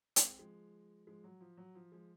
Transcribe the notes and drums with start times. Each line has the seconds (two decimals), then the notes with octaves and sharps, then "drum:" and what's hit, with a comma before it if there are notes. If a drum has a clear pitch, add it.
0.16 G#3 C4, drum: hi-hat
0.39 F3 G#3
1.07 F3 G#3
1.24 F#3
1.41 F3
1.57 F#3
1.75 F3
1.92 F3 G#3